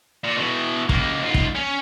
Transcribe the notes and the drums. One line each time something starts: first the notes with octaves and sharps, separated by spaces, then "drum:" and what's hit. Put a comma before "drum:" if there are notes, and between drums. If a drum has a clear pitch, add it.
A#2
B2 E3
C#2 A#3, drum: kick
G#2 F4
drum: kick
C#4